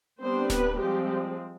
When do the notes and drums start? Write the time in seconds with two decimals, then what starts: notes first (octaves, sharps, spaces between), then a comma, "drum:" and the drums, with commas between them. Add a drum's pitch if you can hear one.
0.21 G3 B3 C4 D4 C5
0.50 B3 B4, drum: snare D1
0.78 F3 G3 G#3 C4 G4